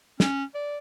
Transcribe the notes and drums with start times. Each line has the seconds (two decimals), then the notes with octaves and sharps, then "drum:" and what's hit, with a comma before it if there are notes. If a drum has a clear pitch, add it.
0.20 C#4, drum: snare
0.54 D5